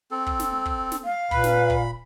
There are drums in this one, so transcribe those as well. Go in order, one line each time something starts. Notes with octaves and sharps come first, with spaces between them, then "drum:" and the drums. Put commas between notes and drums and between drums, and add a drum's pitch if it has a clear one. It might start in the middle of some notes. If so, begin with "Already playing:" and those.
C4 A4
drum: kick
drum: snare
drum: kick
drum: snare
F5
A#2 B4 B5, drum: kick
drum: snare
drum: kick